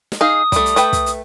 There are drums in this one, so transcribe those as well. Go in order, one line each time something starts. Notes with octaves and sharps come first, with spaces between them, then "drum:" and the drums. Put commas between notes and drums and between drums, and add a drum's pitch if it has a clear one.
drum: snare
D#4 G#4 F5 D#6
G3 A3, drum: kick, hi-hat
drum: hi-hat
A3 B4 G5, drum: hi-hat
drum: kick, hi-hat
drum: hi-hat